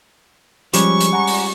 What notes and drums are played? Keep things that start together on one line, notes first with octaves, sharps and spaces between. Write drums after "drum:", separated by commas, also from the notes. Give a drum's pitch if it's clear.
F3 G3 G#3 C#4 C#6, drum: hi-hat
drum: hi-hat
F#5 G#5 A#5
drum: open hi-hat